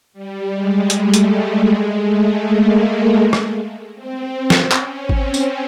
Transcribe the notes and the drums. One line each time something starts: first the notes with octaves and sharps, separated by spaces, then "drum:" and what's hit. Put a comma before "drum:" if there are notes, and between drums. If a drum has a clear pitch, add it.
G3
G#3
A3, drum: hi-hat
drum: hi-hat
A3
G#3
A3
A#3
drum: rim click
C4
drum: snare
C#4, drum: clap
C4, drum: kick G#1
drum: tambourine